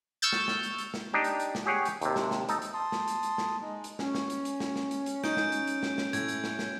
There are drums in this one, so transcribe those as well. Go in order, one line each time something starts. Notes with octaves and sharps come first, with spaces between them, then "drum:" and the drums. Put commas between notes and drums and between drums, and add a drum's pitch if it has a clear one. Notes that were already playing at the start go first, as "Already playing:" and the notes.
C#6 E6 F6 G6 A6
drum: snare
drum: snare
drum: hi-hat
drum: hi-hat
drum: snare
D4 D#4 G4
drum: hi-hat
drum: hi-hat
drum: snare
G4 G#4 C#5 F#5
drum: hi-hat
D#2 C3, drum: hi-hat
drum: snare
drum: snare
D#4 A4, drum: hi-hat
drum: hi-hat
A5 C6 D#6
drum: snare
drum: hi-hat
drum: hi-hat
drum: snare
G#3 D#4
drum: hi-hat
C#4, drum: snare
drum: snare
drum: hi-hat
drum: hi-hat
drum: snare
drum: snare
drum: hi-hat
drum: hi-hat
D#4 G6 D7, drum: snare
drum: snare
drum: hi-hat
drum: hi-hat
drum: snare
drum: snare
A2 G#6, drum: hi-hat
drum: hi-hat
drum: snare
drum: snare